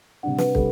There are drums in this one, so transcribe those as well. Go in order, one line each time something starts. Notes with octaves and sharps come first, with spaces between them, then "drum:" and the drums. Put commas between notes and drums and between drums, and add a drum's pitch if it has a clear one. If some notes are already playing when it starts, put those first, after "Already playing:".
C3 G3 D4 F#5
B4, drum: snare
C3 G3 A4, drum: kick